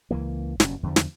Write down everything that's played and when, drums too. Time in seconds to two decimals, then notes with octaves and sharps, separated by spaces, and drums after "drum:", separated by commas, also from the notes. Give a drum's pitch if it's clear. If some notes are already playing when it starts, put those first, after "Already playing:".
0.11 C#2 E3 A#3
0.60 F#1 G2 B2 C#4, drum: snare
0.83 E2 D3 F3
0.96 drum: snare